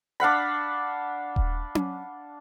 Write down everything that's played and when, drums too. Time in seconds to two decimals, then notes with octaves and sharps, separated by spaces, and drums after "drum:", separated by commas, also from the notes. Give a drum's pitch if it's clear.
0.20 D4 F5 F#5 B5
1.36 drum: kick D#1
1.75 drum: tom C#4